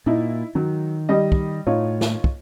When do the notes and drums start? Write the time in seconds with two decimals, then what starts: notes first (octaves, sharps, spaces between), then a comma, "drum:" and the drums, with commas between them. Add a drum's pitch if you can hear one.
0.06 A#2 D#4 E4
0.55 D#3 F#3
1.09 G3 D#5
1.32 drum: kick
1.67 A2 D#4 F4 C#5
2.01 drum: snare
2.24 drum: kick